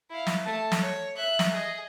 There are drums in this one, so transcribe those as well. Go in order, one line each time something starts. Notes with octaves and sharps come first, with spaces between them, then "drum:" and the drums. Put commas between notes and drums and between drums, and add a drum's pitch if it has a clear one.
E4 F5
drum: snare
A3 A5
drum: snare
C#5
E5 F#6
drum: snare
G#4 D#5